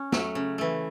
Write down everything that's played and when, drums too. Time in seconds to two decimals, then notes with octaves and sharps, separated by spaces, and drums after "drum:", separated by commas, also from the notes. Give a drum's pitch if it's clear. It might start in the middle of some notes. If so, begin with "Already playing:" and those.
Already playing: C#4
0.12 F#3 A3, drum: snare
0.35 C#3
0.58 E3 A3